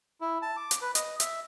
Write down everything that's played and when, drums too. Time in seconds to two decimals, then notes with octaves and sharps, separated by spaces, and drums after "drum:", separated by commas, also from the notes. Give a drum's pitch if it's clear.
0.21 E4
0.42 A5
0.57 D6
0.71 drum: hi-hat
0.82 B4
0.95 D#5, drum: hi-hat
1.20 E5, drum: hi-hat